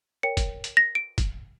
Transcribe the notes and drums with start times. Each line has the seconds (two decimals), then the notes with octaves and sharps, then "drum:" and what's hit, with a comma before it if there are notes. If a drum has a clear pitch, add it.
0.23 A#4 C#5 G5 C#7
0.37 drum: kick, hi-hat
0.64 drum: hi-hat
0.77 A#6
0.95 D7
1.18 drum: kick, hi-hat